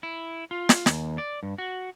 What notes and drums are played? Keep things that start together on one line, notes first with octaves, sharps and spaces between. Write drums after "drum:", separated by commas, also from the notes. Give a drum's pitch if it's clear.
E4
F4
drum: snare
D#2, drum: snare
D5
G2
F#4